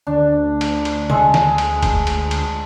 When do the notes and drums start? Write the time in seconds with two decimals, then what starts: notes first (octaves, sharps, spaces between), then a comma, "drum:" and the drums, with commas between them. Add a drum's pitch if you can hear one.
0.07 D2 D4
0.61 drum: cymbal
0.85 drum: cymbal
1.10 G#3 A4, drum: tom
1.34 drum: snare
1.58 drum: cymbal
1.83 drum: kick, cymbal
2.07 drum: cymbal
2.31 drum: cymbal